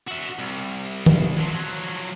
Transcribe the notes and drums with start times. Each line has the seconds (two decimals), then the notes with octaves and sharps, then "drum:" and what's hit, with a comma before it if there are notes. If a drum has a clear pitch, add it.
0.08 F#4 E5
0.39 C2
1.06 drum: tom D#3
1.37 F3 F#3